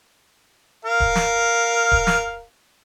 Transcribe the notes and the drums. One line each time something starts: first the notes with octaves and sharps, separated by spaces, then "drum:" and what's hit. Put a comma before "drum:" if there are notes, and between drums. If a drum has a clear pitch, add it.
A#4 F5
drum: kick D1
drum: snare
drum: kick D1
drum: snare